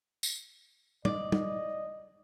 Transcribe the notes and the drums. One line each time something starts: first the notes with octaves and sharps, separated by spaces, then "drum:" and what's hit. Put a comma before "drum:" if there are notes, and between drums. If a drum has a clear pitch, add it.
drum: tambourine
D5 D#5, drum: tom
drum: tom